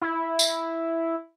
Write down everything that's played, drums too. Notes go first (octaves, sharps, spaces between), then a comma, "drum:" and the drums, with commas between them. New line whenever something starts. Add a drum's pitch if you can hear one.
E4
drum: tambourine